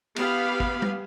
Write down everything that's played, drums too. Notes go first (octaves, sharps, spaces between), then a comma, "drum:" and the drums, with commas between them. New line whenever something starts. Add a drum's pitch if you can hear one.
B3 G4 F5 B5, drum: cymbal
drum: kick
drum: tom G3